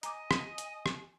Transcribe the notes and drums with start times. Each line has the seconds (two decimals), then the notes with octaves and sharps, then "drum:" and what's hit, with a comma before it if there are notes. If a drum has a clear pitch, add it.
0.03 D#5 G#5 A#5 D6, drum: hi-hat
0.31 drum: rim click
0.58 drum: hi-hat
0.86 drum: rim click